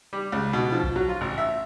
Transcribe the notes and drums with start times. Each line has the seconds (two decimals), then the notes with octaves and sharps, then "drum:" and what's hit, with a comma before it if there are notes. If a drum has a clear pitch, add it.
0.13 G3
0.32 C#2
0.53 B2
0.72 F3
0.83 drum: kick B1
0.96 F#3
1.09 F4
1.21 A1
1.38 E5